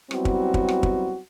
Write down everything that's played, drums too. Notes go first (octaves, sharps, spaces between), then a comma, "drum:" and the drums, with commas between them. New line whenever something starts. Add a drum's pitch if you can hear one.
F#3 G3 B3 C4 E4 F#4, drum: rim click
drum: kick
drum: kick
drum: rim click
drum: kick